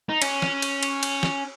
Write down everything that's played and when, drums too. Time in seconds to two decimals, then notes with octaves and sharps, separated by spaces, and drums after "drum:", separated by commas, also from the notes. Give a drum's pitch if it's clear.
0.09 D#4
0.22 C#4, drum: cymbal
0.42 drum: snare
0.62 drum: cymbal
0.83 drum: cymbal
1.03 drum: cymbal
1.23 drum: snare